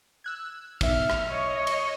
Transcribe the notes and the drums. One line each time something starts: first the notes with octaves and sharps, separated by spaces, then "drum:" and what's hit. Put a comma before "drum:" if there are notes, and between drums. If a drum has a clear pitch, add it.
E6 F#6 G#6
B1 E5 F6, drum: kick, cymbal
drum: rim click
C#5 D#5
drum: cymbal